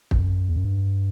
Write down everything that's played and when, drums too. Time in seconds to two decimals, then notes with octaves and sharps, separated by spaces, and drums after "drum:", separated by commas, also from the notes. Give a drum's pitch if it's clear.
0.11 G2, drum: kick
0.17 F#2
0.49 E2
0.56 F#2
0.65 G2